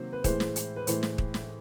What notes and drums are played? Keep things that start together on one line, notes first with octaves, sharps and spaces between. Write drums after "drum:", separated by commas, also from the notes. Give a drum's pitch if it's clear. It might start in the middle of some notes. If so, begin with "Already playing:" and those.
Already playing: C3 D#3 F#3 A#3 C5
B4
A2 E3 G#3 C5, drum: kick, hi-hat
drum: snare
drum: hi-hat
B4
A2 E3 G#3 C5, drum: hi-hat
drum: snare
drum: kick
drum: snare